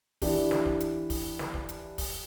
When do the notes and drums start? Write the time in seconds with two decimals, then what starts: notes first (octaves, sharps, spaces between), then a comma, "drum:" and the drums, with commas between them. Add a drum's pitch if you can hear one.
0.22 E3 D4 G4, drum: kick, open hi-hat
0.51 drum: snare
0.66 drum: kick
0.80 drum: hi-hat
1.10 drum: kick, open hi-hat
1.39 drum: snare
1.54 drum: kick
1.69 drum: hi-hat
1.98 drum: kick, open hi-hat